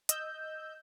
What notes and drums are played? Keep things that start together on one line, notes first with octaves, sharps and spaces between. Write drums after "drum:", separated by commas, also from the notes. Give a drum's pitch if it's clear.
D#5 E6 G6, drum: hi-hat